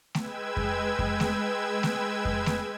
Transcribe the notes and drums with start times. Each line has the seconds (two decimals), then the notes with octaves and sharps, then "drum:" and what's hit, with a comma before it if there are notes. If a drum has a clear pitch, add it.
0.15 G#3 B4 G5 E6 G#6, drum: snare A3
0.57 drum: kick F2
0.99 drum: kick F2
1.20 drum: snare A3
1.83 drum: snare A3
2.25 drum: kick F2
2.46 drum: snare A3